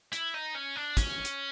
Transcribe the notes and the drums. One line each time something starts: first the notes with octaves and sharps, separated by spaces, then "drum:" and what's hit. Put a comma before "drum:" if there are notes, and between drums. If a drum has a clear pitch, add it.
E4, drum: hi-hat
D#4
C#4
D4
C#4, drum: kick, hi-hat
drum: hi-hat